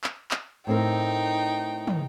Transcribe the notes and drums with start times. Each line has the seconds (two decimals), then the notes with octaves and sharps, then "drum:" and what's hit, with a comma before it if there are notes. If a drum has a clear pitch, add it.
0.04 drum: clap
0.31 drum: clap
0.67 A2 C4 D#4 A#4 G5
1.87 drum: tom